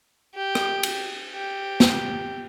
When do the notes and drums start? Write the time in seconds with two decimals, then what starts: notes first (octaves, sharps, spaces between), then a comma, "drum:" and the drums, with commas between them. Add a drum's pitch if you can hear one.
0.35 G4
0.55 drum: rim click
0.83 drum: cymbal
1.33 G4
1.80 drum: snare